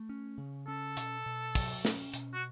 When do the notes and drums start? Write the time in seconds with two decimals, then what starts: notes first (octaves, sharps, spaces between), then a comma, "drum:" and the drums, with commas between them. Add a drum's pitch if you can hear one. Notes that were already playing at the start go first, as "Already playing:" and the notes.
Already playing: A3
0.09 C#4
0.38 C#3
0.67 C#4 A4
0.97 B2, drum: hi-hat
1.26 B2
1.55 F#3, drum: kick, open hi-hat
1.85 C#4, drum: snare
2.13 B2, drum: hi-hat
2.34 F#4